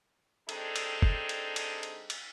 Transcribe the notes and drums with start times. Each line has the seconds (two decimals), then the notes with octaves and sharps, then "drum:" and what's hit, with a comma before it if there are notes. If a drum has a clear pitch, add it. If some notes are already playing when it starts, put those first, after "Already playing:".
0.49 G3 C4 D4 D#4 G#4 A4, drum: cymbal
0.76 drum: cymbal
1.02 drum: kick F#1
1.29 drum: cymbal
1.56 drum: cymbal
1.83 drum: cymbal
2.10 drum: cymbal